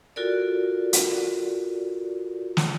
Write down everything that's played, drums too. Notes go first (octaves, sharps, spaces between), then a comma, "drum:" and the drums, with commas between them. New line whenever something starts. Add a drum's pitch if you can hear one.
F4 F#4 A4 A#4 D5
drum: hi-hat
drum: snare